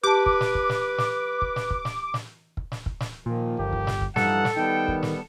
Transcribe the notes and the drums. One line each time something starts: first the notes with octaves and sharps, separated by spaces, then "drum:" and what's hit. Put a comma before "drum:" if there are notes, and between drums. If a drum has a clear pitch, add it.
G4 B4 A5 D6
drum: kick
drum: snare
drum: kick
drum: snare
drum: snare
drum: kick
drum: snare
drum: kick
drum: snare
drum: snare
drum: kick
drum: snare
drum: kick
drum: snare
A#2 D#3 F3
G1 G4
drum: kick
drum: snare
drum: kick
G2 E3 F3 D#4 A4 F#5, drum: snare
drum: snare
D#3 G3 B3 G5
drum: kick
drum: snare